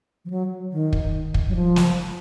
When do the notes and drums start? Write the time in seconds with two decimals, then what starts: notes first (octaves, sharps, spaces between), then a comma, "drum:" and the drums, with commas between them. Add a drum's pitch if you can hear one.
0.25 F3
0.30 F#3
0.72 D#3
0.93 drum: kick
1.34 drum: kick
1.49 F#3
1.55 F3
1.76 drum: snare